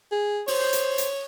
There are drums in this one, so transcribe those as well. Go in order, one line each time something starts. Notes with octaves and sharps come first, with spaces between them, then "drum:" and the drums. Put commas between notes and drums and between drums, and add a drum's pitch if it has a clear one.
G#4
C5 C#5, drum: open hi-hat
drum: hi-hat
drum: hi-hat